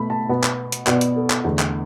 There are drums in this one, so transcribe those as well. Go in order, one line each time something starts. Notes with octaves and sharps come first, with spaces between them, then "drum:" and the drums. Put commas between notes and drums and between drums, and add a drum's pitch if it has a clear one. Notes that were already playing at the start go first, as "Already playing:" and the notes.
Already playing: B2 A3 B5
A5
B2 B3
drum: clap
drum: hi-hat
B2 B3 D5, drum: clap
drum: hi-hat
A4
drum: clap
E2 D3 A3
drum: clap